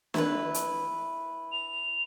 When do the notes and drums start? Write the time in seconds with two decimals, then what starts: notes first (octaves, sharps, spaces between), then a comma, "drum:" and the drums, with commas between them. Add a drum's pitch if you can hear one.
0.14 E4 B4, drum: snare
0.54 drum: hi-hat
1.52 F7